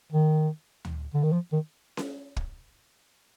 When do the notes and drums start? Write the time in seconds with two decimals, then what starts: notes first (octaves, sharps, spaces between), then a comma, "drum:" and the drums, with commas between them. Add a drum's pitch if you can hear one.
0.12 D#3
0.85 drum: tom D2
1.14 D3
1.23 D#3
1.32 F3
1.52 D#3
1.97 drum: snare C#4
2.36 drum: kick